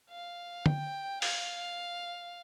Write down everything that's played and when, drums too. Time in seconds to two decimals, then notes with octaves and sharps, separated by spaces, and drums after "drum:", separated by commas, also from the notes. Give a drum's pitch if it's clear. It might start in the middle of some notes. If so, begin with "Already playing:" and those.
0.10 F5
0.66 G5, drum: tom
1.22 F5, drum: open hi-hat